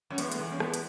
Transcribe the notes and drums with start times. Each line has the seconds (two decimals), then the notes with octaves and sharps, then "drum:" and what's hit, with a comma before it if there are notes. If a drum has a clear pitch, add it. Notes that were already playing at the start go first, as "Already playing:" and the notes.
0.10 F#2 C#4
0.18 E2 G#3 B3, drum: hi-hat
0.32 A3, drum: hi-hat
0.39 E3 G#3
0.52 C#4
0.60 G#3 B3, drum: rim click
0.74 drum: hi-hat